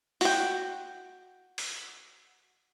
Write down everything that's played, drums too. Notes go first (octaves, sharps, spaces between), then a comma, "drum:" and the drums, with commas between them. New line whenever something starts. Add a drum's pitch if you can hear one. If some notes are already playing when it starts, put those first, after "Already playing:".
F#4 G5, drum: open hi-hat
drum: open hi-hat